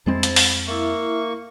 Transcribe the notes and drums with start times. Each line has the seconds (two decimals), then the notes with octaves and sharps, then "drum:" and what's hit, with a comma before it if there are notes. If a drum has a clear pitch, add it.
0.06 F2 G#3 C4 E4 C5 A5
0.23 drum: hi-hat
0.36 drum: open hi-hat
0.67 A#3 E4 E5 C#6